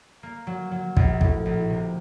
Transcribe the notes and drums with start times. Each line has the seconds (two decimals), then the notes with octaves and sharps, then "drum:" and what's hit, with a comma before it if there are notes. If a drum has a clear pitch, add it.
0.23 A#3
0.47 F#3
0.71 F#3
0.97 A#1, drum: kick
1.21 A2, drum: kick
1.46 A#1
1.70 C3